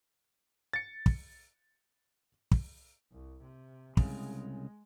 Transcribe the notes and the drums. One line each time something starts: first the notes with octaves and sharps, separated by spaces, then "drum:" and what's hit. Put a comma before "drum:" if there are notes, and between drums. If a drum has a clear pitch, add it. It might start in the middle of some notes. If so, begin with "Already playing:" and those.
A6 C#7
drum: kick
drum: kick
C2
C3
C2 G2 C#3 G#3, drum: kick